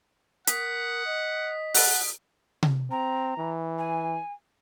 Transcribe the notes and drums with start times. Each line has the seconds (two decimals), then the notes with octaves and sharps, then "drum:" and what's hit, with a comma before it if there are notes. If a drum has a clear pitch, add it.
0.47 A#4 F#5 D#6 B6, drum: hi-hat
1.06 D#5
1.74 F#5 A5, drum: open hi-hat
2.63 drum: tom C3
2.91 C4 A#5
3.38 E3
3.78 G#5